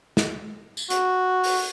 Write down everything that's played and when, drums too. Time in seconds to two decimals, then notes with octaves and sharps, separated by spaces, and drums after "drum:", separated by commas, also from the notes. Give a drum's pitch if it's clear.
0.17 drum: snare
0.77 drum: tambourine
0.90 F#4, drum: hi-hat
1.44 drum: open hi-hat